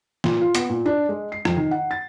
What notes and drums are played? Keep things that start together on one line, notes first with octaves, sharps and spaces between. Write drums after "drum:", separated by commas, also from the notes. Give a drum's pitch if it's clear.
A#2, drum: snare
F4
B3, drum: hi-hat
A#2
D4
G#3
C7
F2, drum: rim click
D#3
F#5
A6